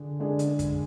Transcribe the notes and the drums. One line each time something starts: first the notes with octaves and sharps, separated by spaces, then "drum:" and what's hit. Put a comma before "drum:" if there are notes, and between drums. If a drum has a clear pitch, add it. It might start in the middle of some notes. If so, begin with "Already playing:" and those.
Already playing: D3 D4 G#4
D3 G#3 D4 G#4
drum: hi-hat
drum: kick, hi-hat